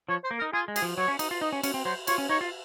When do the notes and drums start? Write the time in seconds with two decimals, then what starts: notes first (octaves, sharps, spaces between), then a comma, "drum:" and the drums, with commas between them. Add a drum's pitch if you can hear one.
0.09 F3 C#5
0.24 C5
0.31 A#3
0.39 A#4
0.42 D#4
0.53 F4 G#4
0.68 G#3
0.76 G#4, drum: cymbal
0.82 F3
0.97 F#3 C#5
1.08 C#4
1.19 D#4, drum: cymbal
1.31 F4
1.41 D#4 D#5
1.53 C#4
1.63 C#4, drum: cymbal
1.74 C4
1.85 F#3 C5
2.07 F4 C#5, drum: cymbal
2.18 C#4
2.29 D#4 C#5
2.41 F4